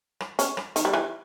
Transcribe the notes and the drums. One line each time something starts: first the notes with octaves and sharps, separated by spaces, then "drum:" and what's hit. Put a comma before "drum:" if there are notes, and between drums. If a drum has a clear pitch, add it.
drum: rim click
C#4, drum: hi-hat
drum: rim click
D#3, drum: hi-hat
G3
E3